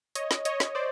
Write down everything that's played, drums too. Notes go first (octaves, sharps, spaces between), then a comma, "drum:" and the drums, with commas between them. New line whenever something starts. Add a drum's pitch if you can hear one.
C#5 D#5, drum: hi-hat
drum: snare
C#5 D#5, drum: hi-hat
drum: snare
C5 D5